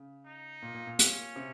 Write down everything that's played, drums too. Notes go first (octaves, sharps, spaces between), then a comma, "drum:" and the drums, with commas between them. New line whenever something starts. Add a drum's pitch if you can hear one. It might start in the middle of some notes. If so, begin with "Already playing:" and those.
Already playing: C#3
D#4
A#2
A#2
A#2
C#4, drum: hi-hat
C3